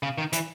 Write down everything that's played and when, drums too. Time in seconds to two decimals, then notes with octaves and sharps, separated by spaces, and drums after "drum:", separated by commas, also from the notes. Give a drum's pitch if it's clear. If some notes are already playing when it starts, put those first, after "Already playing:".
0.03 C#3
0.18 D#3
0.33 E3, drum: hi-hat